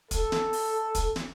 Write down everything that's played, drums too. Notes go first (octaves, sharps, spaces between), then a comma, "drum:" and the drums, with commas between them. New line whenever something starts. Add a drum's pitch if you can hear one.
A4, drum: kick, hi-hat
drum: snare
drum: open hi-hat
drum: kick, hi-hat
drum: snare